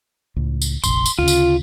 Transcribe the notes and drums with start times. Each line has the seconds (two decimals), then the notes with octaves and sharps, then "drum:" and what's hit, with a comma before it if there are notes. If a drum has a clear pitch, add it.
0.36 C#2 A2
0.62 drum: tambourine
0.84 F1 A#1 C6, drum: tambourine
1.06 drum: tambourine
1.19 D2 C#3 F4
1.28 drum: tambourine